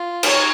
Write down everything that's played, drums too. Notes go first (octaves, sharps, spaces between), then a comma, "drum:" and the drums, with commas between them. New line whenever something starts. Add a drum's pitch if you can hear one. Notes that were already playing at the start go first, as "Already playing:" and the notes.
Already playing: F4
D#4 C#5, drum: cymbal